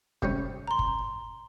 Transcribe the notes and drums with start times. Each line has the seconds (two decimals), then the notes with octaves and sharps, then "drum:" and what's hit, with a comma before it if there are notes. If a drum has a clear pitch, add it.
0.22 C3 G3 C#4, drum: kick F#1
0.68 A#5 C6
0.79 drum: kick F#1